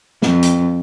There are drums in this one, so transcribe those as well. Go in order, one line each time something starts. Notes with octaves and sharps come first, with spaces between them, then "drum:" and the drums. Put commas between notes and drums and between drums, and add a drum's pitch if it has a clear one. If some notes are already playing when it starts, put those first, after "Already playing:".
F2, drum: snare
drum: hi-hat